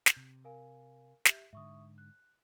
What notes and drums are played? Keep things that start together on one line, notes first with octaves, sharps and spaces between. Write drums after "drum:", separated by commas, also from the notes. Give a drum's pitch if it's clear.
drum: snare
C3
A#4 F5 G#5
G4 E5, drum: snare
G#2 D3 E5 C#6 D#6
F#6